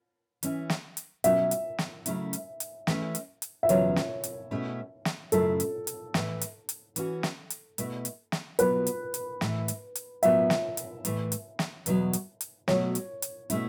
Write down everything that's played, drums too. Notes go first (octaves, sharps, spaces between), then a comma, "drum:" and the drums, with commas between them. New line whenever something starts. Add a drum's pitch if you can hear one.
E3 C#4 E4, drum: hi-hat
drum: snare
drum: hi-hat
B2 F#3 C#4 E4 E5, drum: hi-hat
drum: hi-hat
drum: snare
C#3 F#3 A3 C#4 E4, drum: hi-hat
drum: hi-hat
drum: hi-hat
E3 A3 C#4, drum: snare
drum: hi-hat
drum: hi-hat
E5
E2 C#3 F#3 C#4 C#5, drum: hi-hat
drum: snare
drum: hi-hat
B2 A3 C#4 E4
drum: snare
F#2 C#3 A3 E4 A4, drum: hi-hat
drum: hi-hat
drum: hi-hat
A2 E3 A3 E4, drum: snare
drum: hi-hat
drum: hi-hat
E3 C#4 F#4, drum: hi-hat
drum: snare
drum: hi-hat
B2 A3 E4, drum: hi-hat
drum: hi-hat
drum: snare
B2 F#3 B3 F#4 B4, drum: hi-hat
drum: hi-hat
drum: hi-hat
A2 E3 A3, drum: snare
drum: hi-hat
drum: hi-hat
A2 F#3 B3 E5, drum: hi-hat
drum: snare
drum: hi-hat
A2 E3 A3, drum: hi-hat
drum: hi-hat
drum: snare
E2 B2 F#3, drum: hi-hat
drum: hi-hat
drum: hi-hat
B2 F#3 A3 F#4 C#5, drum: snare
drum: hi-hat
drum: hi-hat
B2 A3 C#4 E4, drum: hi-hat